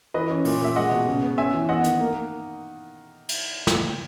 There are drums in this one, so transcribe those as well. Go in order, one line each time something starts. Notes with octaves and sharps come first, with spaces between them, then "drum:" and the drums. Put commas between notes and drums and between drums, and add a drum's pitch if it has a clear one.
E3 B4 D#5
C#4
A#2, drum: open hi-hat
A#2 E5
G#3 D#5 F#5
B2
C#3
B3
C#4 E5 G#5
E3
B3 D#5 F#5
D#3, drum: hi-hat
A#3
drum: cymbal
drum: snare